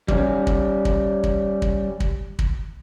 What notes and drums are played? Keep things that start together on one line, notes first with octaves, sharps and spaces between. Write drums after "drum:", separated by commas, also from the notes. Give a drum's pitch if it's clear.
G3 C#4, drum: kick
drum: kick
drum: kick
drum: kick
drum: kick
drum: kick
drum: kick